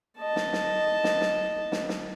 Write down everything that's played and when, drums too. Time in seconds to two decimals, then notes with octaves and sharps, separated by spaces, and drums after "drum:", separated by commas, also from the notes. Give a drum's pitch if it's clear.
0.19 D#5 A5
0.36 drum: snare
0.53 drum: snare
1.04 drum: snare
1.21 drum: snare
1.72 drum: snare
1.89 drum: snare